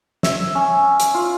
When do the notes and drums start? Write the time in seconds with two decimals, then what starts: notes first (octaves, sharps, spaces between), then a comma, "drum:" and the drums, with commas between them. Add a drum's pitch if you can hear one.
0.23 E5, drum: snare
0.55 C#4
1.00 drum: hi-hat
1.14 F4